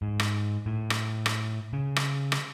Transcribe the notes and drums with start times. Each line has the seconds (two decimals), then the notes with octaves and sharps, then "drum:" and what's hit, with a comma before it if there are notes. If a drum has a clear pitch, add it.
0.02 G#2
0.20 drum: rim click
0.66 A2
0.90 drum: rim click
1.26 drum: rim click
1.73 C#3
1.96 drum: rim click
2.32 drum: rim click